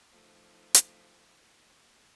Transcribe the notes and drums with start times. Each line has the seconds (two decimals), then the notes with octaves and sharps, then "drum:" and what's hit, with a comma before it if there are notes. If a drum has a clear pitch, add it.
0.11 F3 A3 D#4
0.75 drum: hi-hat